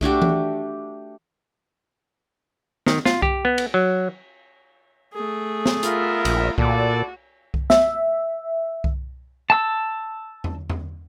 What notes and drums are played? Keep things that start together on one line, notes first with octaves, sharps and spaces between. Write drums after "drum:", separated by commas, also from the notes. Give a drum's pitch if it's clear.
A3 D4 F#4 G4, drum: kick C2
drum: tom E3
D#3, drum: snare
F4, drum: snare
G4, drum: kick C2
B3
drum: cymbal
F#3
A3 G#4
drum: snare
B3 F4 A#4 E5, drum: hi-hat
A#1, drum: cymbal
A#2 E4 F#4 A4 D5, drum: kick C2
drum: kick C2
E5, drum: snare
drum: kick C2
A5 E6
drum: tom E2
drum: tom E2